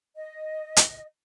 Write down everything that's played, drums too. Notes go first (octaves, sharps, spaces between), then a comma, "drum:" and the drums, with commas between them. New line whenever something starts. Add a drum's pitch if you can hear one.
D#5
drum: hi-hat